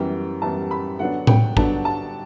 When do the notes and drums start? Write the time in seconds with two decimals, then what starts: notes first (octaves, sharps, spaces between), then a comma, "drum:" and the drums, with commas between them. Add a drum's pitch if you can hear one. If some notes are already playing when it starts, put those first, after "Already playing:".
Already playing: F#2 E3 G3 B3 G5
0.42 F#2 E3 G3 B3 A5
0.71 B5
0.99 D3 F#3 B3 D4 F#5
1.27 G5, drum: tom A2
1.57 D3 F#3 B3 D4 A5, drum: kick
1.85 A5